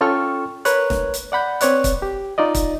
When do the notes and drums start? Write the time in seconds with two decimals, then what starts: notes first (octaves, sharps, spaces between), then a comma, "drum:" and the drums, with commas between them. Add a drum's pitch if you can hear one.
0.01 C#4 F4 A4 G5 C#6 F6
0.65 A#4 B4 C#5 F#6, drum: hi-hat
0.90 drum: snare E1
1.14 drum: hi-hat
1.32 D5 F#5 B5 G6
1.61 C4 B4 C#5 D5 F#6, drum: hi-hat
1.84 drum: kick, hi-hat
2.02 G4
2.38 D#4 F4 D5 D#5
2.54 drum: kick, hi-hat